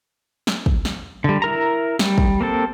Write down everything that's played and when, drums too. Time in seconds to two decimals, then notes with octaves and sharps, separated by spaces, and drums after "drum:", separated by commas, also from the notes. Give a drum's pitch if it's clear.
0.47 drum: snare
0.66 drum: kick
0.85 drum: snare
1.24 D3 G3
1.42 E4 A#4 A#5
1.99 G3, drum: snare
2.18 drum: kick
2.41 A#3 C4 A4